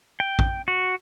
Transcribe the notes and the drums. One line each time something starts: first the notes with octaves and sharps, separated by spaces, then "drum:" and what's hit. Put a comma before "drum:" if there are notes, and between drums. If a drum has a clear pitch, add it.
G5
drum: kick
F#4